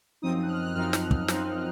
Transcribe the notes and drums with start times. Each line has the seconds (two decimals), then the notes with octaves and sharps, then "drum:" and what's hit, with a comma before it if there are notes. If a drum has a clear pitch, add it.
0.22 F#2 F3 C4 D#4 D#6
0.35 D#6
0.43 F#6
0.49 F6
0.63 F#6
0.75 F#2 F3 C4 D#4 F6
0.93 drum: snare
1.11 drum: kick
1.28 F#2 F3 C4 D#4, drum: snare